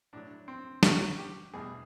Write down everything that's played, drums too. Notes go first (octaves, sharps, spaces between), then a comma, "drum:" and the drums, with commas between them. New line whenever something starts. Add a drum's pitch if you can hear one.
A2 F#3 D4
C4
F#2 D3 G3 F#4, drum: snare
G4
E2 B2 G3 G#4